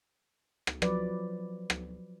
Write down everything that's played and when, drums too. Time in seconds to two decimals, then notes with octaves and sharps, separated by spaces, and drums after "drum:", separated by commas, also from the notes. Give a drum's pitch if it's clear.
0.67 drum: rim click
0.82 F3 F#3 B4 D5, drum: rim click
1.70 drum: rim click